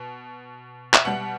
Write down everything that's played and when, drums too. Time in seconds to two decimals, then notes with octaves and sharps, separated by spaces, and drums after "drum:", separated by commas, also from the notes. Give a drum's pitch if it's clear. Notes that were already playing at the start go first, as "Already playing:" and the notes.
Already playing: B2
0.94 E5, drum: clap
1.05 B2 G3 F#5